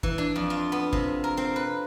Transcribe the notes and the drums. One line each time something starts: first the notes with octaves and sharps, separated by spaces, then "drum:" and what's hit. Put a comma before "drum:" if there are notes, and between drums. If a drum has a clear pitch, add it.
E3, drum: kick G1
D4
F2
F4
B3
C3, drum: kick G1
A#4
C4
B4